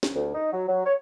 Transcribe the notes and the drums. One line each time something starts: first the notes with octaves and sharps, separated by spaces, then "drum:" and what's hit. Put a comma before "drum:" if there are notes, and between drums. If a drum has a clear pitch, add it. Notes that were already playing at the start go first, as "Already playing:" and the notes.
drum: snare
D2
D#4
F#3
F#3
C#5